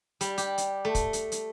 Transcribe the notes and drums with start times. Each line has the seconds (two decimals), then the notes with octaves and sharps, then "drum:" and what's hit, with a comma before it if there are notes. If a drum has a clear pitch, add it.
0.21 G3, drum: hi-hat
0.38 G4, drum: hi-hat
0.58 drum: hi-hat
0.85 A3
0.95 drum: kick, hi-hat
1.13 drum: hi-hat
1.32 drum: hi-hat